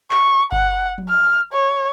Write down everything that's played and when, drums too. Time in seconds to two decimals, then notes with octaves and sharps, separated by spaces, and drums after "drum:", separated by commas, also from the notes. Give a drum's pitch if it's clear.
0.11 C#6, drum: clap
0.52 F#5, drum: kick G1
0.98 drum: tom F3
1.09 F6
1.53 C#5